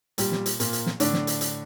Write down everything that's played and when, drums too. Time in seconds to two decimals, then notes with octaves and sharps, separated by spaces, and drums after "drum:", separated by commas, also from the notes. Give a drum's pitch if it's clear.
0.18 A#2 G3 G4, drum: hi-hat
0.32 drum: snare
0.46 drum: hi-hat
0.60 A#2 A#3, drum: hi-hat
0.73 drum: hi-hat
0.86 drum: snare
1.00 A2 D3 D4, drum: hi-hat
1.14 drum: snare
1.27 drum: hi-hat
1.41 drum: hi-hat